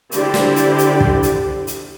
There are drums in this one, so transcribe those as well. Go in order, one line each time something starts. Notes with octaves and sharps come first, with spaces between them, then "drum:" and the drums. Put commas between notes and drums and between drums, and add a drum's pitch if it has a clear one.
D3 E4 G4 C5 D5, drum: hi-hat
drum: snare
drum: hi-hat
drum: hi-hat
drum: kick
drum: hi-hat
drum: hi-hat